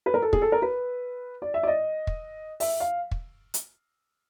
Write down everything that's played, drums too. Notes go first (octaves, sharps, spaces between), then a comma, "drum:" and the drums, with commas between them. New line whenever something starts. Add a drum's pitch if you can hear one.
B4
A#4
A4
G#4, drum: kick
A4
A#4
B4
D5
E5
D5
D#5
drum: kick
E5, drum: open hi-hat
F5
drum: kick
drum: hi-hat